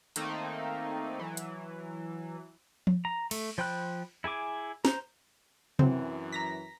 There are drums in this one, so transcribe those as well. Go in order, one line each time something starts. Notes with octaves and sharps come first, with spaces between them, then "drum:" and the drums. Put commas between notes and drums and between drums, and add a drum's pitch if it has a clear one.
D#3 A3 A#3 C4 D#4, drum: hi-hat
E3 F#3
drum: hi-hat
drum: tom F3
A#5
A3, drum: cymbal
F3 C5 G5 B5 F#6
E4 G#4 G#5 D6
C5 A#5, drum: snare
F#2 E3 F#3 C4, drum: tom C3
A#5 A#6 B6